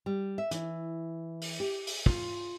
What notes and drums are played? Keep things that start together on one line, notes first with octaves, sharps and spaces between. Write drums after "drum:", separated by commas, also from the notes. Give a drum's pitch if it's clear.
G3
E5
E3, drum: hi-hat
drum: open hi-hat
G4
drum: open hi-hat
F4, drum: kick